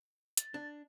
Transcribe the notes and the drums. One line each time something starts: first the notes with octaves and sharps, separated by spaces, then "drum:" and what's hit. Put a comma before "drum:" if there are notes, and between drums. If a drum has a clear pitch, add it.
A6, drum: hi-hat
D4